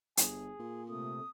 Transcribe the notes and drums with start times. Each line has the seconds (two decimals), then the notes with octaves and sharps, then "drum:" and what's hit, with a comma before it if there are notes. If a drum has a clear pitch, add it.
0.17 G1 G#4, drum: hi-hat
0.59 A#2
0.89 C3 A3 D#6